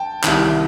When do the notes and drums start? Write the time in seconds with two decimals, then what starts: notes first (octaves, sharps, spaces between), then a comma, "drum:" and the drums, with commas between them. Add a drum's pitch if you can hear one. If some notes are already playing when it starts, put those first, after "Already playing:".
Already playing: G5 A5
0.24 C2 C3 D#3, drum: clap